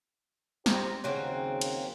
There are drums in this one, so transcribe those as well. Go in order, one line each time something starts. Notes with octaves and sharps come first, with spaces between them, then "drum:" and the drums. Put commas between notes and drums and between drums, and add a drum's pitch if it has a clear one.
G4 C5 A#5, drum: snare
D#2 C#3 F#3 A#3 C4
drum: cymbal